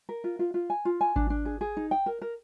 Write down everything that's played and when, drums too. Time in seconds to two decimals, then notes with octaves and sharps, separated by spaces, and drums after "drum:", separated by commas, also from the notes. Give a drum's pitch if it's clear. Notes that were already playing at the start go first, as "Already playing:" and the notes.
0.09 A#4
0.24 F4
0.39 F4
0.54 F4
0.70 G#5
0.85 F4
1.01 G#5
1.16 D4, drum: kick G#1
1.30 D4
1.45 G#4
1.61 G#4
1.77 D#4
1.91 G5
2.06 A#4
2.22 A#4